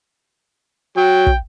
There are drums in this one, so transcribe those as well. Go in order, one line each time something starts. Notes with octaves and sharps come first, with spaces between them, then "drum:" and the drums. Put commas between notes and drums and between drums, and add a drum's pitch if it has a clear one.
F#3 G5
drum: kick